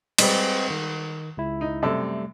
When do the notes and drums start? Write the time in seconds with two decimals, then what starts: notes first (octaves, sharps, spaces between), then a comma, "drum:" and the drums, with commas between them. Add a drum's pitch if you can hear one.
0.18 G3 G#3 C4 B4 D#5, drum: cymbal
0.70 D#3
1.37 C#2 E4
1.61 D#4
1.82 F#2 C3 G3 A3 A4